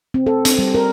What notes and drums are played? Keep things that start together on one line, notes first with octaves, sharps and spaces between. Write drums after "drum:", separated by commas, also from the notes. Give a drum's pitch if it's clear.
C4
A4
C4, drum: hi-hat
G3
A#4